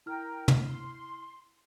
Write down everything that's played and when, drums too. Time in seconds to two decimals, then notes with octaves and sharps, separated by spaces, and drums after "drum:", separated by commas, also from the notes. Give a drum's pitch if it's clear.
0.06 E4 A#4 G5 F6
0.48 drum: tom
0.64 C6